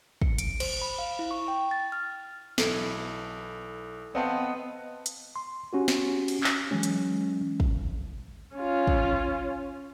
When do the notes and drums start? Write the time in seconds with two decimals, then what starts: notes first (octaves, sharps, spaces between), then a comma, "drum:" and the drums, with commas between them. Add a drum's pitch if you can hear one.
0.22 C#7, drum: kick
0.38 D7, drum: hi-hat
0.60 C5, drum: cymbal
0.82 B5
0.99 F5
1.19 E4
1.31 C#6
1.48 G5
1.71 A6
1.92 F6
2.58 B1 E3 E4 A4, drum: snare
4.15 B3 C4 D#5 F5 G5 A5 C6
5.06 drum: hi-hat
5.36 C6
5.73 C#4 F#4 G4
5.88 drum: snare
6.28 drum: cymbal
6.43 drum: clap
6.71 E3 F#3 G#3 C#4
6.83 drum: hi-hat
7.60 drum: kick
8.56 C#4 F4
8.87 drum: kick